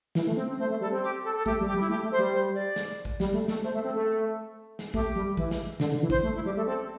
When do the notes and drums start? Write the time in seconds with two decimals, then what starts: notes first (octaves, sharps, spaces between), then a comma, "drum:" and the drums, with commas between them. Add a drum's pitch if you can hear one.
0.15 E3, drum: snare
0.27 A3
0.37 C4
0.47 C4
0.59 A3 C5
0.70 A3
0.81 G3 A4
0.92 C4
1.03 G4
1.24 A4
1.36 A4
1.46 A3 G4, drum: kick
1.61 G3
1.67 G4
1.75 G3
1.80 E4
1.89 A3 G4
2.03 A3
2.11 C5
2.19 G3
2.32 C5
2.54 D5
2.76 drum: snare
3.05 drum: kick
3.20 G3, drum: snare
3.33 A3
3.48 A3, drum: snare
3.62 A3 C5
3.74 A3
3.85 C4 A4
3.96 A3
4.79 drum: snare
4.94 A3 G4, drum: kick
5.16 G3
5.37 E3, drum: kick
5.51 drum: snare
5.80 D3, drum: snare
5.91 D3
6.02 E3
6.10 C5, drum: kick
6.23 A3
6.35 E4
6.45 G3 G4
6.56 A3 A4
6.67 C4 A4